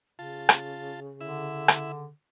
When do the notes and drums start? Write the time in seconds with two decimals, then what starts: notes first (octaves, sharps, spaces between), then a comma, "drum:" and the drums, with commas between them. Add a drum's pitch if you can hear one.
0.19 C#3 F4 A5
0.49 drum: rim click
1.21 D3 E4 E6
1.68 drum: rim click